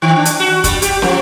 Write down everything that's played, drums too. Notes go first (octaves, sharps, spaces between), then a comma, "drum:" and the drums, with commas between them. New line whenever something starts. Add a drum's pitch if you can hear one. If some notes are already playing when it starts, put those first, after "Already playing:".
D#3
D4
drum: hi-hat
F#4
G3, drum: kick, hi-hat
G4, drum: hi-hat
F3, drum: snare